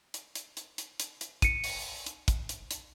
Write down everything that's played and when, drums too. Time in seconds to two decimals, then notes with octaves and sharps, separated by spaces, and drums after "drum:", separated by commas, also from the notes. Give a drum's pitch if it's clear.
0.14 drum: hi-hat
0.35 drum: hi-hat
0.57 drum: hi-hat
0.78 drum: hi-hat
1.00 drum: hi-hat
1.21 drum: hi-hat
1.42 C#7 D#7, drum: kick, hi-hat
1.64 drum: open hi-hat
2.06 drum: hi-hat
2.28 drum: kick, hi-hat
2.49 drum: hi-hat
2.71 drum: hi-hat